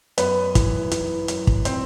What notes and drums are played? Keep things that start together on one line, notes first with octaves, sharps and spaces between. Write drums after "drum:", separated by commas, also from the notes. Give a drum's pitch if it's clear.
F#2 B3 B4, drum: hi-hat
E3, drum: kick, hi-hat
E3, drum: hi-hat
F#2, drum: hi-hat
drum: kick
C4 C5, drum: hi-hat